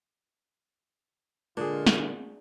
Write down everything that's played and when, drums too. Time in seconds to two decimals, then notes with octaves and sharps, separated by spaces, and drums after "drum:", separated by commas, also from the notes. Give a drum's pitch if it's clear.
1.57 A#2 D3 G#3 D4 F4 G#4
1.86 drum: snare